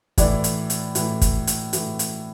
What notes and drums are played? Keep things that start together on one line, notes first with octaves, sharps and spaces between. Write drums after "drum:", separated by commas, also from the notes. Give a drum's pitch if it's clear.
A2 E3 D5, drum: kick, hi-hat
drum: hi-hat
drum: hi-hat
A2 E3, drum: hi-hat
drum: kick, hi-hat
drum: hi-hat
A2 E3, drum: hi-hat
drum: hi-hat